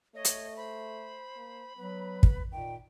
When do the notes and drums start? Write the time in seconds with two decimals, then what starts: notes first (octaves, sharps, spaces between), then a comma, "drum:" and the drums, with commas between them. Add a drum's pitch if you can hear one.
0.15 A3 C#5 D#5
0.25 drum: hi-hat
0.57 C5 B5
1.36 A#3
1.77 F#3 B3 B4
2.23 drum: kick
2.52 A#2 D#3 G5